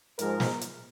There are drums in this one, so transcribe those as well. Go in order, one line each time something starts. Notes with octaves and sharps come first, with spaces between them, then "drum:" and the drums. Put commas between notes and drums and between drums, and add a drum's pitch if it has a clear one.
G#2 F3 G#3 A#4, drum: hi-hat
drum: snare
drum: hi-hat